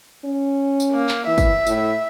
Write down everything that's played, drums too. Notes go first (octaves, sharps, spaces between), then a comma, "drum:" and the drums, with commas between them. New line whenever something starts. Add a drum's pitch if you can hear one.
C#4
drum: tambourine
A#3
drum: clap
E3 E5
drum: kick, tambourine
A2, drum: tambourine